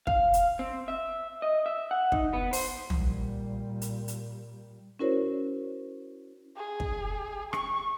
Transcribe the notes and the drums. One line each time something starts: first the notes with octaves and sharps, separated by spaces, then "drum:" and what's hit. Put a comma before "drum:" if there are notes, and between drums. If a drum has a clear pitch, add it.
F5, drum: kick
drum: hi-hat
C4
E5
D#5
E5
F#5
D#4, drum: kick
B3
C5, drum: open hi-hat
A#2 G3, drum: tom
drum: hi-hat
drum: hi-hat
C#4 E4 F#4 A#4 C5 C#5
G#4
drum: kick
C#6, drum: rim click